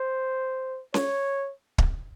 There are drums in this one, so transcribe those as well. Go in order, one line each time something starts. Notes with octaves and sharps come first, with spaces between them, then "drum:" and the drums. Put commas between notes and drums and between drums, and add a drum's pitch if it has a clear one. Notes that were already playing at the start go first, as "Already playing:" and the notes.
Already playing: C5
C#5, drum: snare C#4
drum: kick